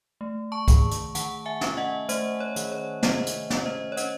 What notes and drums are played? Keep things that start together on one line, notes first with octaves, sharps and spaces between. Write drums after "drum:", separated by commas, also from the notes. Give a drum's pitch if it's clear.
A3
A5 C#6
D#3, drum: kick C2, hi-hat
drum: hi-hat
D#3 F#5 A5, drum: hi-hat
E5 G#5
C#4, drum: snare
D#5 F#5
A3 C5 D#5, drum: hi-hat
C#5
D#3, drum: hi-hat
C#5
D#3 C5 D#5, drum: snare
drum: hi-hat
C#4, drum: snare
C5 D#5
C#5
C#4 C5 D#5, drum: hi-hat